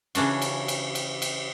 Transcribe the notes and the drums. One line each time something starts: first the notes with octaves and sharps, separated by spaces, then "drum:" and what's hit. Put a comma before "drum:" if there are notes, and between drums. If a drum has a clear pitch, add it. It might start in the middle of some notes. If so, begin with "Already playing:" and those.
C#3 E3 C#4 D4 F#4, drum: cymbal
drum: cymbal
drum: cymbal
drum: cymbal
drum: cymbal